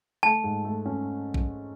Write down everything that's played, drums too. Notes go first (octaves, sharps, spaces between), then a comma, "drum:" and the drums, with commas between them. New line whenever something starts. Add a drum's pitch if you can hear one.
A3 A5
G#2
A3
C#4
drum: kick B1